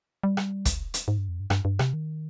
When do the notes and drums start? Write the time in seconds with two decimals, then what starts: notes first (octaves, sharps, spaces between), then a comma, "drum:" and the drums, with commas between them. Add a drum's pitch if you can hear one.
0.23 G3
0.37 drum: rim click
0.65 drum: kick, hi-hat
0.94 drum: hi-hat
1.08 G#2
1.18 G2
1.29 F2
1.40 G2
1.50 G2, drum: rim click
1.65 G2
1.79 C3, drum: rim click
1.93 D#3